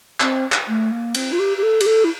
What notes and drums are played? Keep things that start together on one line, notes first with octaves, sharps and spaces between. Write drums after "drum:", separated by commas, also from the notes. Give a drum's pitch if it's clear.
C4, drum: clap
drum: clap
A3
A#3
C4, drum: cymbal
F4
G4
G4
A4
G4, drum: cymbal
A4
E4